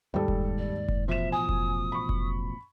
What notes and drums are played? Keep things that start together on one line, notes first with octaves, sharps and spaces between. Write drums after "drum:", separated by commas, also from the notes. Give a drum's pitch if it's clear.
D#2 G#2 G3 G4 A4
drum: kick F1
D5
drum: kick F1
A1 B2 F3 C5 E5 E7
G#5 D#6
drum: kick F1
B5 C#6
drum: kick F1